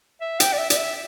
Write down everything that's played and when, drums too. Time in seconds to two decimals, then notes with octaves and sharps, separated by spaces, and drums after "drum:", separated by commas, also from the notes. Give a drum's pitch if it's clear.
0.21 E5
0.40 G5, drum: hi-hat
0.53 D5
0.58 E5
0.70 D5, drum: hi-hat
0.77 E5